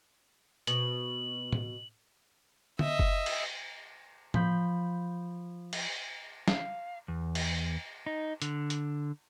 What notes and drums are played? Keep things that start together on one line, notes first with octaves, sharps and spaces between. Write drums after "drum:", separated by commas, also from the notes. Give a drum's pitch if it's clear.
B2 F#7, drum: hi-hat
drum: tom A2
D#5 E5, drum: tom
drum: kick
drum: cymbal
F3 B5 G6, drum: tom A2
drum: cymbal
F5, drum: snare
E2
drum: cymbal
D#4
D3, drum: hi-hat
drum: hi-hat